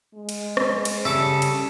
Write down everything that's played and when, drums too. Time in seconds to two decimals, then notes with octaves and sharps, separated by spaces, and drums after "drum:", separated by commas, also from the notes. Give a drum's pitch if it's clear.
0.15 G#3
0.29 drum: cymbal
0.57 drum: rim click
0.85 drum: cymbal
1.05 C#3 G3 A4 E5 D6
1.42 drum: cymbal